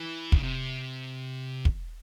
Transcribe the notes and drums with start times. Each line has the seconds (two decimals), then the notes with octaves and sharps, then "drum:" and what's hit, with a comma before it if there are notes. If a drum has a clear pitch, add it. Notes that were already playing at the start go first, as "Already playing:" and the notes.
Already playing: E3
0.32 C#3, drum: kick
0.43 C3
1.65 drum: kick